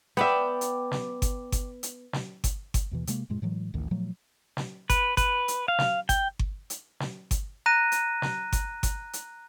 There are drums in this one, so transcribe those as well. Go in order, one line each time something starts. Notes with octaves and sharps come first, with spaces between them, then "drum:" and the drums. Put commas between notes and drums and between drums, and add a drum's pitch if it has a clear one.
B3 D5 E5 G5
drum: hi-hat
drum: snare
drum: kick G1, hi-hat
drum: kick G1, hi-hat
drum: hi-hat
drum: snare
drum: kick G1, hi-hat
drum: kick G1, hi-hat
D#2 B2 E3
C3 G#3 A#3, drum: hi-hat
F#2 A#2 G#3
A2 E3 F#3 G#3
A1 D2 D#3
A#2 F3 F#3 A3
drum: snare
B4, drum: kick G1, hi-hat
B4, drum: kick G1, hi-hat
drum: hi-hat
F5
drum: snare
G5, drum: kick G1, hi-hat
drum: kick G1
drum: hi-hat
drum: snare
drum: kick G1, hi-hat
A#5 F#6 A#6 D#7
drum: hi-hat
drum: snare
drum: kick G1, hi-hat
drum: kick G1, hi-hat
drum: hi-hat